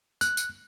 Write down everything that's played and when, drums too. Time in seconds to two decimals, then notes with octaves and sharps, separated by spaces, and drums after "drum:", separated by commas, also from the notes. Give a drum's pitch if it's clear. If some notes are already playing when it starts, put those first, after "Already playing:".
0.21 F#6, drum: tambourine
0.37 drum: tambourine